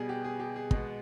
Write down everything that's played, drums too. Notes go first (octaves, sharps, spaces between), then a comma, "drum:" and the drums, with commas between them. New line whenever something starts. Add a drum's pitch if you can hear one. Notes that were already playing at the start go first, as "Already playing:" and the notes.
Already playing: B2 G3 B3 G#4
G4
G#4
G4
G#4
B2 G#3 B3, drum: kick